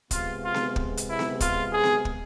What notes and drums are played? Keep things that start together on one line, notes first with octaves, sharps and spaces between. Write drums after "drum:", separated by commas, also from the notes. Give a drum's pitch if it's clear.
C3 G#3 B3 F4, drum: kick, hi-hat
F4
drum: snare B3
drum: kick
drum: hi-hat
E4
drum: snare B3
F4, drum: kick, hi-hat
G#4
drum: snare B3
drum: kick